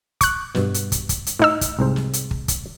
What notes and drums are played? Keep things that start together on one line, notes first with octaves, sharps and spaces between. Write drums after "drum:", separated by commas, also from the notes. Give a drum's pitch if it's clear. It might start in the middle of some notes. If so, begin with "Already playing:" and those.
C#6 F#6, drum: kick, hi-hat
G2 B2, drum: snare
drum: hi-hat
drum: kick, hi-hat
drum: kick, hi-hat
drum: hi-hat
A2 D#4 E6
drum: kick, hi-hat
C2 G#2 C5
drum: snare
drum: hi-hat
drum: kick
drum: kick, hi-hat